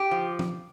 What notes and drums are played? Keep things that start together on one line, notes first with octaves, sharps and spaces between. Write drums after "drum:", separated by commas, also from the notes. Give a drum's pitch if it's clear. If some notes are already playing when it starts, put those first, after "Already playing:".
Already playing: G4
F3
drum: tom